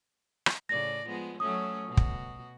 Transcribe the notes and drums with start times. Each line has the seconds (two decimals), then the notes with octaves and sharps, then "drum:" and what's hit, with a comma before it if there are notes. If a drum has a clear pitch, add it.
0.46 drum: rim click
0.69 A2 C#3 D5 A#6
1.07 F3 G#3 B3
1.40 F#3 A3 C#4 D#6
1.88 B2 F#4
1.97 drum: kick